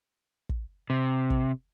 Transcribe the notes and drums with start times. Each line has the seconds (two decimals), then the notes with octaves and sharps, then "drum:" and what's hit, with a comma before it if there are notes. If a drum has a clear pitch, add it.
0.49 drum: kick
0.90 C3
1.30 drum: kick